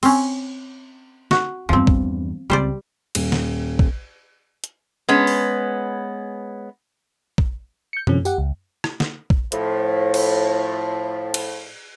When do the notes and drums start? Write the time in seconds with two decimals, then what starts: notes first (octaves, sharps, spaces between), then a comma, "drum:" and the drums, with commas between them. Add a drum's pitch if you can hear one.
0.03 C4 C#4, drum: cymbal
1.31 F#4, drum: snare
1.69 E2 G2 F3 C4
1.87 drum: kick
2.50 C#2 G3 C4 C5 D5
3.15 D#1, drum: cymbal
3.32 drum: snare
3.79 drum: kick
4.64 drum: hi-hat
5.09 G#3 B3 C#4
5.27 drum: open hi-hat
7.38 drum: kick
7.93 G6 C#7
8.07 C3 F3 C#4, drum: tom F#2
8.25 G4 F#5, drum: tambourine
8.38 C#2
8.84 drum: rim click
9.00 drum: snare
9.30 drum: kick
9.52 A2 F3, drum: hi-hat
10.14 drum: cymbal
11.34 drum: cymbal